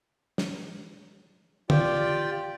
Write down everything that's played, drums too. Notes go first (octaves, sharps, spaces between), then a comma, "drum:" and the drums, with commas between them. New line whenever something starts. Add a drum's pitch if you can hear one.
drum: snare
F4 G4 D5 G5, drum: tom